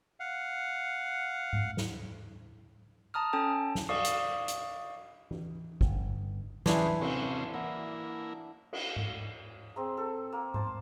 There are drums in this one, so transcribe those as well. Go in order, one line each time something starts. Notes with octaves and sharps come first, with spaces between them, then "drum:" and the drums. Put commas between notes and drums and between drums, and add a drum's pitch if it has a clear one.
F5 F#5
drum: tom G#2
drum: snare
A5 A#5 D#6 F6
C#4 A4 G5 A5
drum: snare
D5 F5 C#6 D#6, drum: cymbal
drum: hi-hat
drum: hi-hat
drum: tom E3
G1, drum: kick
E3 C#4 D4 E4 G#4 C5 G#5, drum: snare
C3 C4 C#4, drum: cymbal
A#3 E4 F#5
drum: cymbal
drum: tom G#2
C4 G#4 A#5
A4
A#3
C5 A5, drum: tom G#2